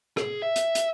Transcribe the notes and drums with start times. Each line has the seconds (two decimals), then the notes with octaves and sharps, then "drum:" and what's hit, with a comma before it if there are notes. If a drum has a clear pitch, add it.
0.17 G#4, drum: rim click
0.42 E5
0.56 drum: hi-hat
0.75 drum: hi-hat